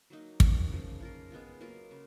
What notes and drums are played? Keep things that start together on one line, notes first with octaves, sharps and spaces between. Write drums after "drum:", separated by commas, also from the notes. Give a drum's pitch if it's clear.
F#3 A#3 D#4
A#3 C#4 F#4, drum: kick
C#3 F3 A#3
A#3 F4 A#4
G#3 B3 F4 G#4
F#3 A#3 F4 A#4
C#3